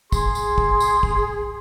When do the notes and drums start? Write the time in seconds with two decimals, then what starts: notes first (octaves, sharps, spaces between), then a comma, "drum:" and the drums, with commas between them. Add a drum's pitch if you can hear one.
0.12 G#4 C6, drum: kick, tambourine
0.35 drum: tambourine
0.58 drum: kick
0.80 drum: tambourine
1.03 drum: kick